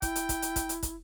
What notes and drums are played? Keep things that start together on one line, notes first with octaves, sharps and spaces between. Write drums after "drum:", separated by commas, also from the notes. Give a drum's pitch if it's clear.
E4 G5, drum: kick, hi-hat
drum: hi-hat
drum: kick, hi-hat
drum: hi-hat
drum: kick, hi-hat
drum: hi-hat
drum: kick, hi-hat